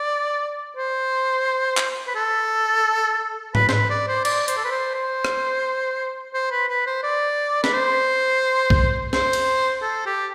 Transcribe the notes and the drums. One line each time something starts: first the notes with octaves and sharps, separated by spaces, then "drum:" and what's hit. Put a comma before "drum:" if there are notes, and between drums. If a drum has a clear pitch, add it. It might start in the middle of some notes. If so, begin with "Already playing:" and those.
Already playing: D5
C5
drum: clap
B4
A4
B4, drum: tom G#2
C5, drum: snare
B4
D5
C5
D5, drum: cymbal
C5, drum: hi-hat
A4
B4
C5
C5
drum: rim click
C5
B4
B4
C5
D5
B4, drum: snare
C5
drum: kick
C5, drum: snare
drum: cymbal
A4
G4